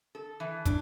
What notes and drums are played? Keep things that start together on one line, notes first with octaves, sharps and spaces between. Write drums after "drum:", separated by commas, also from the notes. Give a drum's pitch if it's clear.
A4
E3
D4, drum: kick, hi-hat